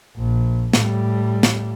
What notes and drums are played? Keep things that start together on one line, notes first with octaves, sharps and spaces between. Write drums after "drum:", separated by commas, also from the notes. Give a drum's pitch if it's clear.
A#1
A2 G3, drum: snare
drum: snare